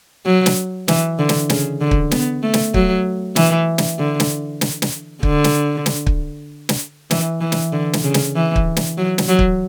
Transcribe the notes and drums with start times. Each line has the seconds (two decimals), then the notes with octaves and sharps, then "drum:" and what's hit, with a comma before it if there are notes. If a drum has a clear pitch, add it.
0.26 F#3
0.46 drum: snare
0.88 E3, drum: snare
1.19 D3
1.29 drum: snare
1.50 C#3, drum: snare
1.81 D3
1.91 drum: kick
2.11 B3, drum: snare
2.43 A3
2.54 drum: snare
2.74 F#3, drum: kick
3.36 E3, drum: snare
3.78 drum: snare
3.99 D3
4.20 drum: snare
4.61 drum: snare
4.82 drum: snare
5.23 D3, drum: kick
5.44 drum: snare
5.86 drum: snare
6.07 drum: kick
6.69 drum: snare
7.11 E3, drum: snare
7.41 E3
7.52 drum: snare
7.73 D3
7.93 drum: snare
8.04 C#3
8.14 drum: snare
8.36 E3
8.56 drum: kick
8.76 drum: snare
8.98 F#3
9.18 drum: snare
9.29 F#3
9.39 drum: kick